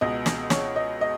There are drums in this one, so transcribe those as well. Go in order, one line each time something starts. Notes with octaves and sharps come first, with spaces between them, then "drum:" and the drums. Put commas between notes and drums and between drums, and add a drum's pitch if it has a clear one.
C#2 B2 D#5
drum: snare
C#5, drum: snare
D#5
D#5